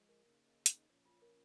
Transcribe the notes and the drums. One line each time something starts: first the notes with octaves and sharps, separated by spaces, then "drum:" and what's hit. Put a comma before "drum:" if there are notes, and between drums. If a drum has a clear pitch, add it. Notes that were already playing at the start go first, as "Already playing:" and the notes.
Already playing: F3 G#3
A#4
C#3 A#3 D#4
drum: hi-hat
A#2 F3 C#4 C#5
F4
A#4